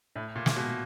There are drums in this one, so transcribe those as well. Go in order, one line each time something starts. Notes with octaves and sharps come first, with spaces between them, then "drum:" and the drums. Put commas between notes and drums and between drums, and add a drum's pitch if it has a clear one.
A2
A#2
drum: snare
B2